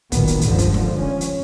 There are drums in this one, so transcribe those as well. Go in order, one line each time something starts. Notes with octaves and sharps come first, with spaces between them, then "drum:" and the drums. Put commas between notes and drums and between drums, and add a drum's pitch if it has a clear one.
B1 A#2 D#3 B3, drum: kick, hi-hat
drum: hi-hat
C#2 G2 D3 F3, drum: hi-hat
drum: kick, hi-hat
drum: snare
C#4
drum: hi-hat